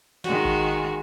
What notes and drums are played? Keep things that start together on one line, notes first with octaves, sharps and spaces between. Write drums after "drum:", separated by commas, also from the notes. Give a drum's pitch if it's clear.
D#3 G#3 F#4, drum: snare
drum: kick A1